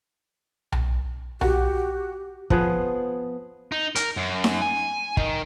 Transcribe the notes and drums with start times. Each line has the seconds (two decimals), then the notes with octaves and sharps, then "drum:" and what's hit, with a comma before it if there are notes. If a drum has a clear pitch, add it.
0.72 drum: tom B1
1.41 F#4 G4, drum: tom B1
2.50 F3 B3 G#4, drum: kick
3.72 D#4
3.95 A#4, drum: hi-hat
4.17 F#2
4.44 drum: snare D#4
4.62 G#5
5.17 D#3, drum: kick